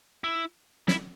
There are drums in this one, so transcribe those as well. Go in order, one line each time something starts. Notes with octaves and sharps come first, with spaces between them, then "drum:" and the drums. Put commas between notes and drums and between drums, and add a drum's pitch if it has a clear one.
E4
E4, drum: snare